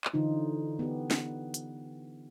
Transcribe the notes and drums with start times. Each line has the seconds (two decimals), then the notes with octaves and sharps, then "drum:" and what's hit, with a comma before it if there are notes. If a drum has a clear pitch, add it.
0.05 drum: clap
0.14 D3 E3 D#4 F4
0.79 B3 G4
1.11 drum: snare
1.54 drum: hi-hat